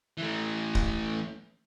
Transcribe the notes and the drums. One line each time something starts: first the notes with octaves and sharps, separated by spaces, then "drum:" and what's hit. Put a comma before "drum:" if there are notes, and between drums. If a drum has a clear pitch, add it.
E3 A3
drum: kick D1